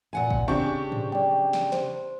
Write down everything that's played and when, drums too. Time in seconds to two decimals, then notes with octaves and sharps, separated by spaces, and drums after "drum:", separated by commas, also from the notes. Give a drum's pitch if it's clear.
0.13 A#2 F#5 G#5
0.30 drum: kick G#1
0.48 C#3 C4 D4 G4 C#6
0.92 drum: tom
1.12 D5 G5, drum: tom
1.53 drum: snare
1.72 C5, drum: snare